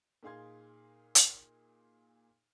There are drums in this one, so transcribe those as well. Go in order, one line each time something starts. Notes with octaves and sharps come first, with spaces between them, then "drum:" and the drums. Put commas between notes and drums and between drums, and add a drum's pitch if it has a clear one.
A#2 D#4 G#4 F5 C6 G#6
drum: hi-hat